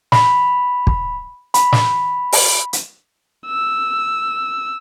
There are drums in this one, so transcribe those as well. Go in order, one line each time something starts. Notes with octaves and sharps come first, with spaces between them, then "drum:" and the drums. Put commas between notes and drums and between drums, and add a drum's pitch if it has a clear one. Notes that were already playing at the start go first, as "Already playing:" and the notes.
B5, drum: snare
drum: kick
B5, drum: hi-hat
drum: snare
drum: open hi-hat
drum: hi-hat
E6